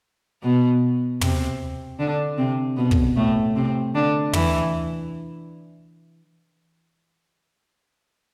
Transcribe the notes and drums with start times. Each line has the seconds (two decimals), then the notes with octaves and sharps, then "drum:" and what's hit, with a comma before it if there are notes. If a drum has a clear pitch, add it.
0.43 B2 B3
1.21 C3 C4, drum: tom
1.99 D3 D4
2.38 C3 C4
2.77 B2 B3
2.91 drum: kick
3.16 A2 A3
3.55 C3 C4
3.95 D3 D4
4.33 E3 E4, drum: tom